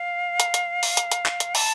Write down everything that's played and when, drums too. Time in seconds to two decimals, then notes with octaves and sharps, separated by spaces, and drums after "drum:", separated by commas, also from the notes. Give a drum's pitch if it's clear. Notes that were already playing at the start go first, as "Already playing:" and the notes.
Already playing: F5
0.40 drum: hi-hat
0.54 drum: hi-hat
0.83 drum: open hi-hat
0.97 drum: hi-hat
1.12 drum: hi-hat
1.26 drum: clap
1.40 drum: hi-hat
1.55 A5, drum: open hi-hat